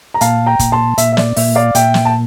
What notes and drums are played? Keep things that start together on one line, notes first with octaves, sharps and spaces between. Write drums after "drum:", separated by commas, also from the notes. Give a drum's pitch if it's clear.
A#5
A#2 F5 A5, drum: hi-hat
G5 A#5
A#2, drum: kick, hi-hat
A5 C6
A#2 E5, drum: hi-hat
E5
D5, drum: snare
A#2 E5, drum: open hi-hat
D5 F5
A#2 E5 G5, drum: hi-hat
drum: snare
A5